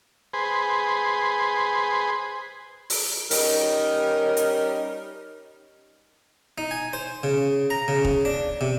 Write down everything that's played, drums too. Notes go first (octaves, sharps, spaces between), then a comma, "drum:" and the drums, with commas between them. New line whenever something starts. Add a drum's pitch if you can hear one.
G#4 B4 C5
drum: open hi-hat
G3 C#4 D#4 A#4, drum: open hi-hat
drum: hi-hat
D#4
G#5
C5
C#3
A#5
C#3
drum: kick
D4
C3